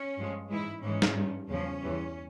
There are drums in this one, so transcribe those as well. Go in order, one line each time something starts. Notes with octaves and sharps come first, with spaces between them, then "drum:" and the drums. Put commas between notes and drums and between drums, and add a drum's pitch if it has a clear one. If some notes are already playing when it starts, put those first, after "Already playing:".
Already playing: C#4
G2 F3 G#3
G#2 E3 G#3 E4
G#2 E3 G#3 C#4
drum: snare
G2 G3
E2 C#3 F3 C#4
E2 E3 G3